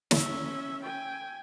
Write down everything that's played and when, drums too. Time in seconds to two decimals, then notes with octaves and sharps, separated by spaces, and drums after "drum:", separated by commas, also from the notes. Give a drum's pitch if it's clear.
0.11 C#4 E5, drum: snare
0.83 G5 G#5